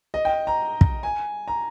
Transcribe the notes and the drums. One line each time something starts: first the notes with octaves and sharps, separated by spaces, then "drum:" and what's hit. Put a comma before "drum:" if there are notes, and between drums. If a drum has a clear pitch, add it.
D#5
G5
A#5
drum: kick
G#5
A#5